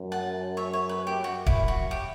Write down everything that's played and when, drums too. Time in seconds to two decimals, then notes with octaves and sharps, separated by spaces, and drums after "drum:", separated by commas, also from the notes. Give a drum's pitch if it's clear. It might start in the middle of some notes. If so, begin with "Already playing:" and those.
Already playing: F#2
0.12 F#5 A5
0.57 C#5 E5
0.73 C#5
0.89 B4
1.07 G4
1.24 F#2 F#4
1.46 E4, drum: kick
1.68 F#4
1.91 G4